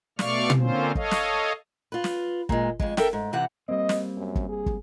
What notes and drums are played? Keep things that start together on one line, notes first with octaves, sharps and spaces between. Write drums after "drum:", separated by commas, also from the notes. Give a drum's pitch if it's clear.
B2 A3 D5 F5 C#6 F6, drum: snare
drum: tom
D3 A#3 C4 C#4 F4 C5
A4 C#5 D#5 F5, drum: kick
drum: snare
F4 B4
drum: snare
A#2 G#3, drum: kick
F2 G#3, drum: kick
A4 A#4 E5 G5, drum: snare
G#2
C3 E3 G4 F#5
G3 A#3 C4 D#5
drum: snare
F#2
drum: kick
G#4
drum: kick